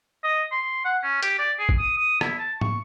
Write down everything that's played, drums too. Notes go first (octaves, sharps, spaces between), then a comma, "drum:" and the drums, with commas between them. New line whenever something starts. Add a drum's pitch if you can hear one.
D#5
C6
F#5
C#4
G4, drum: hi-hat
D5
G#4
drum: kick
D#6
D#6
E4, drum: rim click
A5
C#6, drum: tom